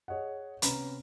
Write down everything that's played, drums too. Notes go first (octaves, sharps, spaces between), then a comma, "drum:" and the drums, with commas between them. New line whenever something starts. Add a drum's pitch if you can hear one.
G#4 C#5 D#5 F#5
C3 B3 C#4 A#5 B5, drum: hi-hat